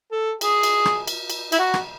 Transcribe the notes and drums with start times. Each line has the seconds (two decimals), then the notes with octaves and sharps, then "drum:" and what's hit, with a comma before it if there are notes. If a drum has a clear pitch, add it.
0.12 A4
0.41 G#4, drum: cymbal
0.63 drum: cymbal
0.85 drum: rim click
1.08 drum: cymbal
1.30 drum: cymbal
1.52 E4, drum: cymbal
1.59 F#4
1.74 drum: rim click